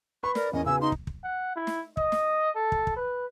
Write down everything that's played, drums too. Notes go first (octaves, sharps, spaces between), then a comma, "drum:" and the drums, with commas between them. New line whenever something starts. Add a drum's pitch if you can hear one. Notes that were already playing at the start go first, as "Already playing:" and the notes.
B4 B5 C#6
A#4 D5, drum: snare
E2 C#4 A#4 D#5
C#3 B3 F#4 G#5 E6
D#4 C6
drum: kick
drum: kick
F#5
E4
drum: snare
D#5, drum: kick
drum: snare
A4
drum: kick
drum: kick
B4